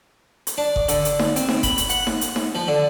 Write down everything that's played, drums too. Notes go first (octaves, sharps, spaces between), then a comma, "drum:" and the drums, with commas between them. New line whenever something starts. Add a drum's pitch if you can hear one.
drum: hi-hat
D4
drum: kick F#1
D3, drum: hi-hat
drum: hi-hat
drum: snare D#4
C4, drum: hi-hat
drum: snare D#4
B5, drum: kick F#1, hi-hat
drum: hi-hat
F#5, drum: hi-hat
drum: snare D#4
drum: hi-hat
drum: snare D#4
F3
D3